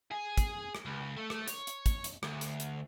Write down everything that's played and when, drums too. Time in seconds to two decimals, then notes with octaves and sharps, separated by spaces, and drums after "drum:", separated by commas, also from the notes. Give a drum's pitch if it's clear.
0.12 G#4
0.37 drum: kick, hi-hat
0.75 drum: rim click
0.85 C#2
1.17 A3
1.30 drum: rim click
1.48 C#5, drum: hi-hat
1.67 drum: hi-hat
1.86 drum: kick, hi-hat
2.04 drum: hi-hat
2.23 D2, drum: rim click
2.41 drum: hi-hat
2.60 drum: hi-hat